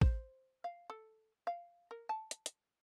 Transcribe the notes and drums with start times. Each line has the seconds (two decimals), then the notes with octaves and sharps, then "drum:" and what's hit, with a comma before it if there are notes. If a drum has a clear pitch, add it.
0.01 C5, drum: kick
0.64 F5
0.90 A4
1.47 F5
1.91 A#4
2.09 A5
2.31 drum: hi-hat
2.46 drum: hi-hat